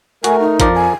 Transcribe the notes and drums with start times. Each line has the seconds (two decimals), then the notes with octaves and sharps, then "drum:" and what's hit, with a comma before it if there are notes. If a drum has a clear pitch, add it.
0.24 A3 F#4 A#4 G#5, drum: hi-hat
0.40 D#4
0.60 F2 F3 A#4 D5, drum: kick G#1, hi-hat
0.75 G#5